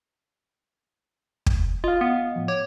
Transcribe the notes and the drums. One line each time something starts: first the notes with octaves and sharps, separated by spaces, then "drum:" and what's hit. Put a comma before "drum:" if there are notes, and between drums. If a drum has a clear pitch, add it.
drum: kick
F4 D#5 F5
B3
A2 F3
C#5 D6